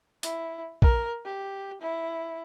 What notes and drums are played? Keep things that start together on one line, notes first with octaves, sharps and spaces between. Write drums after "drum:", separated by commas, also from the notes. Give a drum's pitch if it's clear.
E4, drum: hi-hat
A#4, drum: kick A#1
G4
E4